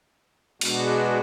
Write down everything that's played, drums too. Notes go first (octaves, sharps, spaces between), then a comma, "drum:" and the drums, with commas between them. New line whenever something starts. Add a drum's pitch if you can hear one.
B2 G#3 B3 D4 F#4, drum: cymbal